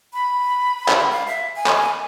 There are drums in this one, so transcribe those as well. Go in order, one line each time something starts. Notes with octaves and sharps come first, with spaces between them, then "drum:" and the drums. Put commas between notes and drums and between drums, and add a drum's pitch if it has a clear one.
B5
drum: clap
F5
E5
G#5
drum: clap